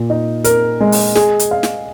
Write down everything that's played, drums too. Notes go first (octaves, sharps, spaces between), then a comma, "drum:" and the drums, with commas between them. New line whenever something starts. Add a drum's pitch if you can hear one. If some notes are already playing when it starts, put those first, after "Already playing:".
Already playing: A#2
D#4
A#4, drum: hi-hat
G#3
drum: open hi-hat
G#4, drum: snare
drum: hi-hat
F5
drum: snare